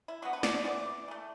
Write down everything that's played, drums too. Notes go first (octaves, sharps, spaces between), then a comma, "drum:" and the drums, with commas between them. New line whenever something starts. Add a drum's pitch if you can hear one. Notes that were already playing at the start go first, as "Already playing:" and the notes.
E4
D3 B3 F#4
B4
D5, drum: snare
D5
E3 B3 D5
E3 A3